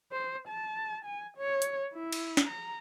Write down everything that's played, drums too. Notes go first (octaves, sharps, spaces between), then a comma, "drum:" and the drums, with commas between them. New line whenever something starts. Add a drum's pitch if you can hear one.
C5
A5
G#5
C#5
drum: hi-hat
E4
drum: cymbal
drum: snare
A#5